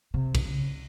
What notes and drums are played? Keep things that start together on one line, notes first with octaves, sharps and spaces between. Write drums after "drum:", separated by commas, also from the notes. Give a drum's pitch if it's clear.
C3
drum: kick, cymbal
C#3